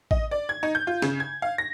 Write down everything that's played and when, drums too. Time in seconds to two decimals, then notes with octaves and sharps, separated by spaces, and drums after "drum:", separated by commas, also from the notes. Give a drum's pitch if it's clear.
0.11 D#5, drum: kick A1
0.31 D5
0.49 G#6
0.63 D#4
0.75 G6
0.87 F4
1.02 C#3, drum: snare
1.20 G#6
1.42 F5
1.58 A#6